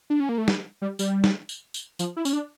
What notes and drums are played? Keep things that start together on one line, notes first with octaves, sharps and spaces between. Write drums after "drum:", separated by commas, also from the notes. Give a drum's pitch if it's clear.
D4
C#4
A#3
A3
G3, drum: snare
G3
G3, drum: tambourine
drum: snare
drum: tambourine
drum: tambourine
F3, drum: tambourine
E4
C#4, drum: tambourine
D4